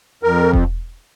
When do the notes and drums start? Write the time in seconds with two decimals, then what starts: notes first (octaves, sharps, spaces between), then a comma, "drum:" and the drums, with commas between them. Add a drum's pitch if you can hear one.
0.23 F2 A#4
0.53 drum: kick E1